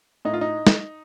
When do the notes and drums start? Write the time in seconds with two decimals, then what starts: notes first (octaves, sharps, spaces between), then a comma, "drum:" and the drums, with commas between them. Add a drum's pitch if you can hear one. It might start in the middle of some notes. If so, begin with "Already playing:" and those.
0.25 A2 D#4
0.34 F4
0.41 D#4
0.67 drum: snare